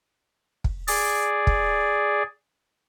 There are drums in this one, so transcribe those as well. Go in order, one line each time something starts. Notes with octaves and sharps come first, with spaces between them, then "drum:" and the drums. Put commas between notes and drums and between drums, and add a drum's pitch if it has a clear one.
drum: kick
G#4 D5, drum: open hi-hat
drum: kick